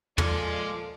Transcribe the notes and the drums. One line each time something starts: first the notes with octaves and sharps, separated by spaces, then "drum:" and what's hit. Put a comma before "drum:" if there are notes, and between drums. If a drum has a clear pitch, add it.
A#2 F3 G#3 A4 D5 G#5 D6, drum: tom